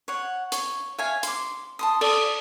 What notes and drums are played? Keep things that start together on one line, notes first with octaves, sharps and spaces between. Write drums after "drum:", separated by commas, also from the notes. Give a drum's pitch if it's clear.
C#5 F#5
C#5, drum: hi-hat
C#5 E5 F5 G#5
C6 D6, drum: hi-hat
A5 C6 D#6
A4 D5 D#6, drum: cymbal